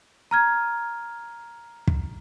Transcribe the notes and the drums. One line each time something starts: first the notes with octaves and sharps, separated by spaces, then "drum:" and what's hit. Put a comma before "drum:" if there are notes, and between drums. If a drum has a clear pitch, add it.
A#5 F6 G#6
drum: kick